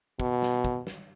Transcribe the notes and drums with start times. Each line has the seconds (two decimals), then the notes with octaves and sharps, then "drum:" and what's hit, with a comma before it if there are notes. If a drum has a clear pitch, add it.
0.20 B2, drum: kick
0.42 drum: snare
0.65 drum: kick
0.87 drum: snare